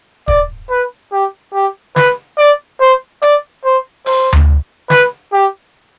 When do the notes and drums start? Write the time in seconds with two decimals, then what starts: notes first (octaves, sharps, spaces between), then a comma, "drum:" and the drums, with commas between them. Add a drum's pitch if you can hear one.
0.28 D5, drum: kick
0.70 B4
1.12 G4
1.54 G4
1.96 B4, drum: snare
2.38 D5
2.80 C5
3.22 D5, drum: hi-hat
3.64 C5
4.06 C5, drum: open hi-hat
4.33 drum: tom D2
4.90 B4, drum: snare
5.33 G4